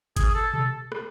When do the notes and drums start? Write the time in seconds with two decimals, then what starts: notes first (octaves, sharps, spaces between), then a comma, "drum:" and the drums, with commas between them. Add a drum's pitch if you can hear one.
0.17 G#4, drum: kick G1, hi-hat
0.35 A4
0.54 A4, drum: tom B2
0.92 drum: rim click